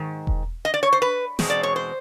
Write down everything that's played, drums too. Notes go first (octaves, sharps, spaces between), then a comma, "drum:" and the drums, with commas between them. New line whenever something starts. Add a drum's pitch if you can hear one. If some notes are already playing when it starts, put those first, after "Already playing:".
Already playing: G#2 D#3
drum: kick E1
D#5
D5
C#5
C5
B4
E2 B2 G#3 C4, drum: snare
D5
C#5
C5